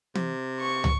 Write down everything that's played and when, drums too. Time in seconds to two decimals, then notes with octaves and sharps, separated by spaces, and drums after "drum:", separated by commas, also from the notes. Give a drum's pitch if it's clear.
0.15 C3, drum: tom E3
0.60 C#6
0.84 drum: tom